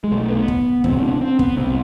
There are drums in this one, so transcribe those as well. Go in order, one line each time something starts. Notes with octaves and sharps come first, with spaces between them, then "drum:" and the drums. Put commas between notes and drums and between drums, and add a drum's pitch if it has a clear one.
G#3
B1 B2 A3
B3
drum: kick
E1 E2 C3 C4, drum: kick
D4
C4
B3, drum: kick
C2 C3 C4